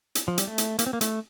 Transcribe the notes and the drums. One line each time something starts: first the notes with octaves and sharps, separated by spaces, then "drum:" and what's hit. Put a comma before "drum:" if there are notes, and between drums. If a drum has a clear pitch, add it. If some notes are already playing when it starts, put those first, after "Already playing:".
drum: hi-hat
F3
G3, drum: hi-hat
A3
drum: hi-hat
A#3, drum: hi-hat
C4
A#3
A3, drum: hi-hat